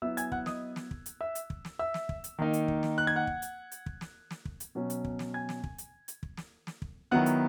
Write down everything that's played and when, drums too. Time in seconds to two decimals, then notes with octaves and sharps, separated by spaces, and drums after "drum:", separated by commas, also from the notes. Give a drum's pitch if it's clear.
0.02 F#3 B3 E4 E5 E6
0.17 G#5 G#6, drum: hi-hat
0.32 F#5 F#6, drum: kick
0.46 D#5 D#6, drum: snare
0.76 drum: snare
0.91 drum: kick
1.06 drum: hi-hat
1.21 E5 E6
1.35 drum: hi-hat
1.50 drum: kick
1.65 drum: snare
1.79 E5 E6
1.94 drum: snare
2.09 drum: kick
2.24 drum: hi-hat
2.39 D#3 A#3 D#4
2.53 drum: hi-hat
2.68 drum: kick
2.83 drum: snare
2.98 F#6
3.07 G#6
3.16 F#5 F#6
3.27 drum: kick
3.42 drum: hi-hat
3.72 drum: hi-hat
3.86 drum: kick
4.01 drum: snare
4.31 drum: snare
4.45 drum: kick
4.60 drum: hi-hat
4.75 B2 F#3 C#4
4.90 drum: hi-hat
5.04 drum: kick
5.19 drum: snare
5.34 G#5 G#6
5.49 drum: snare
5.64 drum: kick
5.78 drum: hi-hat
6.08 drum: hi-hat
6.23 drum: kick
6.37 drum: snare
6.67 drum: snare
6.82 drum: kick
7.11 D#3 F#3 B3 E4 F#5 F#6
7.26 drum: hi-hat